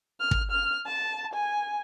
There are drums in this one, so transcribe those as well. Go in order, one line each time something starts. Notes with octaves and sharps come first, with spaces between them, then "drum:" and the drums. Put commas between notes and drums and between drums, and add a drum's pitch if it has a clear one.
F6
drum: kick
F6
A5
G#5